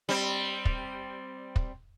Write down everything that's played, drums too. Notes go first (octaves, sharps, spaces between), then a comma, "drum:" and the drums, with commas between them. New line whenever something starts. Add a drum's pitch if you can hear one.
G3 C4
drum: kick
drum: kick